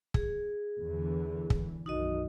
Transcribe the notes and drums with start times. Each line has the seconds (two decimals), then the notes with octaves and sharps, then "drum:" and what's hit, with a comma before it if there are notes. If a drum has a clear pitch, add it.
0.14 G#4, drum: kick
0.83 E2 D3 E3
1.50 drum: kick
1.86 B1 F#2 D#3 D#4 F#4 D#5